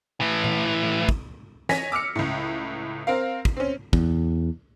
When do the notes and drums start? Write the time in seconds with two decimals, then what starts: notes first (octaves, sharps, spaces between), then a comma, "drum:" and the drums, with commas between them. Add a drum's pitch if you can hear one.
0.20 A2 E3
0.44 drum: tom A#2
1.09 drum: kick
1.69 C#5 G#5 A#6 B6, drum: snare
1.92 D6 E6 F6 C#7
2.16 C#2 A2
3.07 C4 A#4 F5
3.45 drum: kick
3.57 C4 C#4
3.93 E2, drum: kick